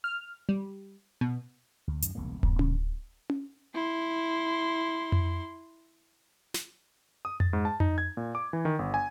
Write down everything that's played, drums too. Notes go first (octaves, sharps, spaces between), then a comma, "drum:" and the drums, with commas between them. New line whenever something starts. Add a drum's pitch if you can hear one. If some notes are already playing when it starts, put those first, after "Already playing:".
F6
G3
B2
D2
F#2 D#3, drum: hi-hat
E1 C2 C#3 A#3
F#2 D#3 G3 B3, drum: kick D1
A#2 D3 D#3 F3, drum: tom C#4
drum: tom C#4
E4 C6
drum: tom F2
drum: snare
D#6
A6, drum: tom F2
G#2
A5
D#4, drum: tom F2
G#6
A#2
D6
E3
D#3
G1
G#5